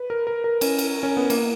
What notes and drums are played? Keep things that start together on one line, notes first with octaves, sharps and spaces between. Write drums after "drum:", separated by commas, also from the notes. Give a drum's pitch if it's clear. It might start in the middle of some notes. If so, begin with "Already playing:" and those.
Already playing: B4
A#4
A#4
A#4
C#4, drum: cymbal
drum: cymbal
C#4
B3
A#3, drum: cymbal